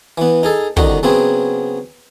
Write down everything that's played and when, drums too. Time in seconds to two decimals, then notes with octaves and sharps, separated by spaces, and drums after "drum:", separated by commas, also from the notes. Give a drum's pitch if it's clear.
0.18 E3 B3
0.43 D#4 G#4 A4
0.77 C2 D3 D#3 D#4 F#4, drum: kick
1.03 C#3 F#3 B3 C4 G#4